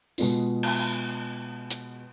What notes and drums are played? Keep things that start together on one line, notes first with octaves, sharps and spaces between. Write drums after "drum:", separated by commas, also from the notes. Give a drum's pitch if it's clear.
B2 G#3 B3 F4, drum: tambourine
drum: cymbal
drum: hi-hat